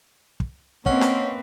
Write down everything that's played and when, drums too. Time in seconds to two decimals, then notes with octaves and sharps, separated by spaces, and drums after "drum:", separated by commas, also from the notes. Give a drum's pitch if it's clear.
0.40 drum: kick
0.86 A#3 C4 C#4 B4 C#5 D#5 F#5, drum: kick
1.01 drum: snare